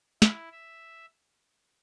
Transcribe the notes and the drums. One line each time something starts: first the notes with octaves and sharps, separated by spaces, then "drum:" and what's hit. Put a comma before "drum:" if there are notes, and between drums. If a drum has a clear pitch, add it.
E4, drum: snare
E5